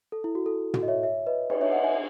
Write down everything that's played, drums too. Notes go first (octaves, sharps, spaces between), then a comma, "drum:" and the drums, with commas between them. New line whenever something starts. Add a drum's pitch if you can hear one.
A4
E4
F#4
A4
F#4, drum: tom
D#5
C#5 E5
C#5 E5
B4 D#5
B4 D#5, drum: cymbal
C#5 E5
D#5 F#5
E5 G#5